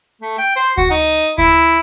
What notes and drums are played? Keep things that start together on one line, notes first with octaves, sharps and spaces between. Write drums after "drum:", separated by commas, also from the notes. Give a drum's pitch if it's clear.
A3
G5
C5
F#4, drum: kick D2
D#4
E4, drum: kick D2